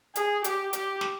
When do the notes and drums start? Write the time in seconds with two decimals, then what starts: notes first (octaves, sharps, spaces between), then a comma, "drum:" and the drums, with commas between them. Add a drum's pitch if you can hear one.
0.15 G#4, drum: hi-hat
0.44 G4, drum: hi-hat
0.73 G4, drum: hi-hat
1.01 drum: snare